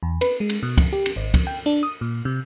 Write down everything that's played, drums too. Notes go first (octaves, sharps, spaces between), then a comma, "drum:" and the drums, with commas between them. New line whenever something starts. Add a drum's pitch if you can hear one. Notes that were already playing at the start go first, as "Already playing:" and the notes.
E2
B4, drum: cymbal
G#3
drum: cymbal
B2
drum: kick, cymbal
G4
drum: cymbal
G#1
drum: kick, cymbal
G5
D4
D#6
A#2
C3